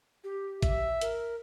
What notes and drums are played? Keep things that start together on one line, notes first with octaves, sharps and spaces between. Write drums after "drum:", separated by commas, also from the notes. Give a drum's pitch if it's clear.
G4
E5, drum: kick A1, hi-hat
A#4, drum: hi-hat